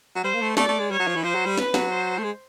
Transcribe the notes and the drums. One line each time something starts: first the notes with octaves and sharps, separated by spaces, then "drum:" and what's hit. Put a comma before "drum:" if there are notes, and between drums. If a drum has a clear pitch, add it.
F#3
G3 C5
A#3
A3
A3 D5, drum: snare
A3
G#3
G3 C#5
F#3
F3
E3
F3 C5
F#3
G3
B4, drum: snare
F#3, drum: snare
C5
A3
G#3